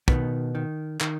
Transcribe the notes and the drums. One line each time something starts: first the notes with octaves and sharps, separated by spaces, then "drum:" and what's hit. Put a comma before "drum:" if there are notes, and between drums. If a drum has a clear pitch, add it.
B2 D#3 B3, drum: kick
D#3
D#3, drum: clap